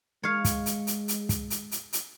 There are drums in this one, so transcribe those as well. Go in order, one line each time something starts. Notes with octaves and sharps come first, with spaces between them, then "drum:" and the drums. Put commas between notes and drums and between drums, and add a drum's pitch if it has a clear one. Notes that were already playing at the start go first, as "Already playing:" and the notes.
G#3 C#5 F5
drum: kick, hi-hat
drum: hi-hat
drum: hi-hat
drum: hi-hat
drum: kick, hi-hat
drum: hi-hat
drum: hi-hat
drum: hi-hat